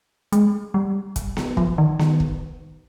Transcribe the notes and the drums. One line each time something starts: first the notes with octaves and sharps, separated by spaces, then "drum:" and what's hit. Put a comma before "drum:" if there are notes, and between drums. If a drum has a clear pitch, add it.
G#3, drum: hi-hat
G3
drum: kick, hi-hat
drum: snare B3
F3, drum: kick
D#3
D#3, drum: snare B3
drum: kick